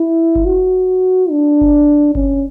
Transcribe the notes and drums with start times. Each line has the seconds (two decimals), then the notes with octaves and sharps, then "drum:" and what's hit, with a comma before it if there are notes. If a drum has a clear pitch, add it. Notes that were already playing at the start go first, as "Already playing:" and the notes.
Already playing: E4
0.35 drum: kick F#1
0.45 F#4
1.30 D4
1.61 drum: kick F#1
2.15 C#4, drum: kick F#1